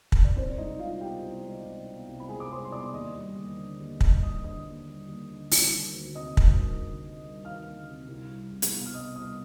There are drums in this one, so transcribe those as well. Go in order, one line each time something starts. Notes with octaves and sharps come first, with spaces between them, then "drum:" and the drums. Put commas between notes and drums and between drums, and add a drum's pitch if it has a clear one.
drum: kick
D5
C2 C4 C5
D5
G#3 D#4 D#5
C2 F4 F5
B2 G4 G5
C2
G#3
C2
B2
C2
B5
G#3 G#4 G#5
D6
C2 C5 C6
C6
B2 D5 D6
D#2 D#5 D#6
G3
D#2
D3
D#2
G3, drum: kick
D#2 D#5 D#6
D3 D#5 D#6
D#2
G3
D#2
D3
G3, drum: open hi-hat
D#3
D2
C3 D#5 D#6
G3, drum: kick
D#3
D2
C3
G3
D#3 F5 F6
D2
C3
C2
G3
C2
drum: hi-hat
B2
F6
C2 D#5 D#6
G3 D#5 D#6